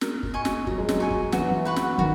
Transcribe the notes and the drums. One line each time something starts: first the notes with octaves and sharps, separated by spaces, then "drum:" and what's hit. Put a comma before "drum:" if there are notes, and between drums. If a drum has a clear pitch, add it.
A#4, drum: snare
drum: kick
D#5 G#5 C#6
drum: snare
F#3 A#4, drum: kick
G#3
F#3, drum: snare
D#5 G#5 C#6
drum: kick
E3 F#4, drum: snare
F#3
E3
B4 F#5 C#6
drum: snare
D#3 F#4, drum: kick